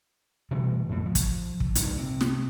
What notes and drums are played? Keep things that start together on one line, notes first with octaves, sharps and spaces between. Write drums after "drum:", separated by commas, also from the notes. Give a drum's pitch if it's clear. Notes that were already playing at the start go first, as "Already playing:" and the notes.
B2 E3 G3 A3
F2 A2
F3
drum: kick, hi-hat
drum: kick
C2 G2 A#2 D#3, drum: hi-hat
C3
drum: snare